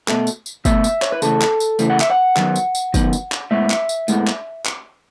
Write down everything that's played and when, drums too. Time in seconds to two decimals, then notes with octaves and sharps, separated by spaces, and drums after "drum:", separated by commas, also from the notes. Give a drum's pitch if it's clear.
0.08 B2 A3, drum: clap
0.27 drum: tambourine
0.46 drum: tambourine
0.65 B2 A3 E5, drum: kick, tambourine
0.84 drum: tambourine
1.02 C#5, drum: clap
1.12 B4
1.22 C#3 E3 A3 A4, drum: tambourine
1.41 drum: clap
1.60 drum: tambourine
1.79 C#3 E3 A3, drum: tambourine
1.90 F#5
2.00 E5, drum: clap
2.10 F#5
2.36 D#3 F#3 B3, drum: clap
2.56 drum: tambourine
2.75 drum: tambourine
2.94 D#3 F#3 B3, drum: kick, tambourine
3.13 drum: tambourine
3.32 drum: clap
3.51 A2 G#3 B3 E5
3.70 drum: clap
3.89 drum: tambourine
4.08 A2 G#3 B3, drum: tambourine
4.27 drum: clap
4.65 drum: clap